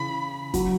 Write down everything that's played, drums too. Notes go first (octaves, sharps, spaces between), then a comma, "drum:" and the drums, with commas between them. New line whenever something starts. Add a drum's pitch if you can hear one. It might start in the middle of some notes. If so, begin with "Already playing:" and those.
Already playing: C#3 E3 B5
F#3, drum: kick, hi-hat